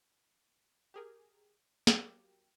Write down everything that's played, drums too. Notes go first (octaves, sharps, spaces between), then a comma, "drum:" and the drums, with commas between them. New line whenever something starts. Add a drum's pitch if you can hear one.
G4 G#4 A#4
F#3 A#3 G4, drum: snare